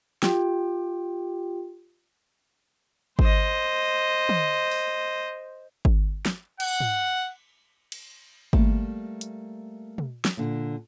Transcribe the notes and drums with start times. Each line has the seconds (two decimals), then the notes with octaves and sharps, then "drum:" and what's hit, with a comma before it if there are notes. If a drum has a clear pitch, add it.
0.23 F4 G4 G5, drum: snare
3.19 C5 D#5, drum: kick G#1
4.29 drum: tom
4.71 drum: open hi-hat
5.85 drum: kick G#1
6.26 drum: snare
6.60 F#5, drum: cymbal
6.80 drum: tom
7.92 drum: cymbal
8.53 G3 A3 A#3, drum: kick G#1
9.21 drum: hi-hat
9.98 drum: tom
10.25 drum: snare
10.37 A#2 D3